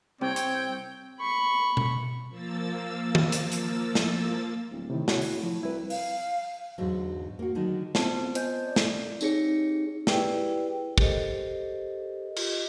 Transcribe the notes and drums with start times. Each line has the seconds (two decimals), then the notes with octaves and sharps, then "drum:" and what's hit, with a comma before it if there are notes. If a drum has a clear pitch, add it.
0.21 C2 C3 C4 C#5 G5
0.36 drum: hi-hat
1.20 B5 C#6
1.77 drum: tom B2
2.29 F3 A#3 E6 A6
3.15 drum: tom
3.32 drum: hi-hat
3.52 drum: hi-hat
3.95 drum: snare
4.71 D1
4.90 A2 C3 D#3
5.08 F#4 C#5, drum: snare
5.21 drum: open hi-hat
5.43 F3
5.63 C2 E4 B4
5.90 F5, drum: open hi-hat
6.78 E2 G#2 D3 F#3
7.39 A#3 F#4
7.55 D3 D#3 F#3 D4 D#4
7.95 B3 C4 F4 C5 A5, drum: snare
8.35 C5 D#5 G#5 G6, drum: hi-hat
8.67 D5
8.76 drum: snare
9.21 C4 D#4 G4 G#4 C#5 C#7, drum: tambourine
10.07 E4 G4 G#4 B4 D5 G5, drum: snare
10.98 G4 A4 A#4 C5 D#5, drum: kick
12.36 F4 G4 D#5, drum: cymbal